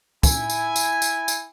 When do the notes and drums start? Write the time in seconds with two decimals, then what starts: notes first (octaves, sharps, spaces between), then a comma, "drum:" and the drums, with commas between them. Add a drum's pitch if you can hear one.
0.23 E4 G#5, drum: kick, tambourine
0.50 drum: tambourine
0.76 drum: tambourine
1.02 drum: tambourine
1.28 drum: tambourine